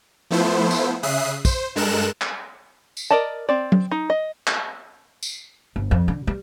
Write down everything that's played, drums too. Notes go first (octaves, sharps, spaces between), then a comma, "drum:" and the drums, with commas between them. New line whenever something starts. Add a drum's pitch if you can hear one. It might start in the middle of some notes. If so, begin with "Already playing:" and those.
F3 A3 B3 E4 C5
drum: tambourine
C#3 E5 D#6 F#6 C7
C5, drum: kick, tambourine
G2 G#3 A4 A#4 F#6 E7
drum: clap
drum: tambourine
A#4 D5 D#5 A5
C4 D5
drum: tom F#3
D#4
D#5
drum: clap
drum: tambourine
G1
F2
D3
G3